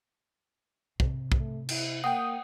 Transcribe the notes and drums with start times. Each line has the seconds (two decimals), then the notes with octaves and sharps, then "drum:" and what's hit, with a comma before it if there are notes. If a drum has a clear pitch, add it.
1.00 C3, drum: kick
1.32 A3, drum: kick
1.69 E4, drum: cymbal
2.04 A#3 F#5 G5 D#6